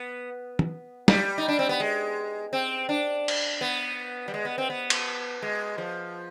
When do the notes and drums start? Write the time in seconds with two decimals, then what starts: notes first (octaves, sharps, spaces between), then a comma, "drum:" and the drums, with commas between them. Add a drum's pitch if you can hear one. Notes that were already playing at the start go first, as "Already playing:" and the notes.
Already playing: B3
0.59 drum: tom
1.08 G3, drum: snare
1.38 D#4
1.48 D4
1.59 C4
1.69 B3
1.80 G#3
2.53 C4
2.89 D4
3.28 drum: cymbal
3.61 B3
4.28 G3
4.34 G#3
4.45 B3
4.58 C4
4.70 B3
4.90 drum: cymbal
5.42 G#3
5.78 F3